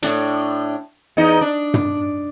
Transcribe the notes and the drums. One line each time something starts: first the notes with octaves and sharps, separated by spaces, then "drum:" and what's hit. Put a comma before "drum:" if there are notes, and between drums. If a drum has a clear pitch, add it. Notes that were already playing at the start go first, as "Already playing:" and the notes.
A2 D4, drum: hi-hat
E2 D#4 D#5
D4
drum: tom